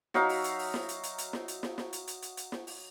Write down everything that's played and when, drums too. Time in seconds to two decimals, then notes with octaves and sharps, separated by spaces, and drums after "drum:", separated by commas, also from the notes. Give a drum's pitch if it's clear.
0.14 F#3 D#4 E5 F5, drum: snare
0.29 drum: open hi-hat
0.44 drum: hi-hat
0.59 drum: open hi-hat
0.74 drum: snare
0.89 drum: hi-hat
1.03 drum: hi-hat
1.18 drum: hi-hat
1.33 drum: snare
1.48 drum: hi-hat
1.63 drum: snare
1.78 drum: snare
1.93 drum: hi-hat
2.07 drum: hi-hat
2.22 drum: hi-hat
2.37 drum: hi-hat
2.52 drum: snare
2.67 drum: open hi-hat